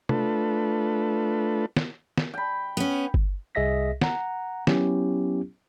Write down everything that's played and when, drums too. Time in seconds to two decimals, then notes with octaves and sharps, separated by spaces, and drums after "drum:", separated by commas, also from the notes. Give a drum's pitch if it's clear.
0.09 A3 D4 F4 A4 B4, drum: tom
1.77 drum: snare
2.18 drum: snare
2.34 G5 B5
2.77 B3 C#4
3.14 drum: kick G1
3.55 C2 G#4 D#5 E5 A#6 B6
4.01 F#5 A#5, drum: snare
4.67 F#3 B3 C#4 E4 G4, drum: snare